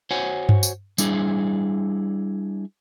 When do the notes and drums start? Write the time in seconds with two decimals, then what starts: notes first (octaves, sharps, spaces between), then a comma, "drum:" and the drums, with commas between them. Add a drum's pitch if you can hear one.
0.11 F#4 C5 C#5 F#5 G#5
0.49 drum: tom G2
0.63 drum: tambourine
0.98 G3 D4 E4 G#4, drum: tambourine